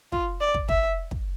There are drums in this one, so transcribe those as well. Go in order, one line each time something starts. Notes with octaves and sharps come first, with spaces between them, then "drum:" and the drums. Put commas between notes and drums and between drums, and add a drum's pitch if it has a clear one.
F4, drum: kick
D5
drum: kick
E5, drum: kick
drum: kick